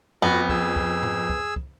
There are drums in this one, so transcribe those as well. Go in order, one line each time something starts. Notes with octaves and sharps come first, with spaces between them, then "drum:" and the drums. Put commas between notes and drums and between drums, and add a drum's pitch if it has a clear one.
F2 B3 F#4
G#4 E6, drum: kick
drum: kick
drum: tom G#2
drum: kick
drum: kick